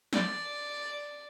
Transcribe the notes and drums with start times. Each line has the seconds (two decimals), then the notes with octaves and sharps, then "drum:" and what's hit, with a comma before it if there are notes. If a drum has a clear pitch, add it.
0.13 D5, drum: snare